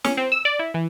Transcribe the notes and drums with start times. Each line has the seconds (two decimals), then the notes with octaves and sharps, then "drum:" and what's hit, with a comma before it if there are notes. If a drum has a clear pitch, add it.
0.04 C#4, drum: snare
0.17 C4
0.32 E6
0.45 D5
0.59 E4
0.74 E3